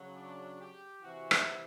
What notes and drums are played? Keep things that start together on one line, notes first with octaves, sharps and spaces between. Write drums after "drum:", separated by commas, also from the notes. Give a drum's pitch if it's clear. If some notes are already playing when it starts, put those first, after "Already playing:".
Already playing: C#3 F#3
D4
G4
C3 E3 F#4
E4, drum: rim click